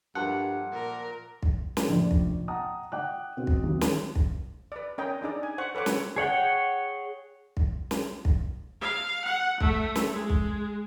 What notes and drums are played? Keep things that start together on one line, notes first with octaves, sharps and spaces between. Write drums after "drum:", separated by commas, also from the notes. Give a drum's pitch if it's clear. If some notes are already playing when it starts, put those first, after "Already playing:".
G2 F3 A3 A#3 F#5
A#2 A#4
drum: kick
drum: snare
F1 A#1 D5
drum: kick
D#5 F#5 G5 A5 A#5 D#6
F#5 G5 D6 F#6
B2 C4
drum: kick
D#2 F#3 C4
drum: snare
drum: kick
B4 D5
C#4 A#4 D#5 G5 A#5
D4 D#4 G#4 D5
G#5
C5 F#5 C#6
A4 B4 C#5 F#5 D6
drum: snare
G#4 C#5 F#5 G5
drum: kick
drum: snare
drum: kick
F5
F#5
A3, drum: kick
drum: snare
G#3
drum: kick